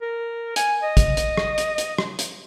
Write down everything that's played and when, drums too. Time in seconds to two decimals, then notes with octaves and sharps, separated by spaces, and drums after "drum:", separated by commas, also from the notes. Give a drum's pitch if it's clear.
0.01 A#4
0.56 G#5, drum: hi-hat
0.82 D#5
0.97 drum: kick, hi-hat
1.17 drum: hi-hat
1.37 drum: rim click
1.58 drum: hi-hat
1.78 drum: hi-hat
1.98 drum: rim click
2.19 drum: hi-hat